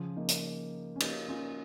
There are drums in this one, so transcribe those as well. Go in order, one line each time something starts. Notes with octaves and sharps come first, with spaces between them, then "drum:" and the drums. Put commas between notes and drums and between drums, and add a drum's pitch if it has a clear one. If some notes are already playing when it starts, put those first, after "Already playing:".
Already playing: C#3 F3
A#3 D#4
drum: hi-hat
C#4
A#3 D#4, drum: cymbal
C#4 F4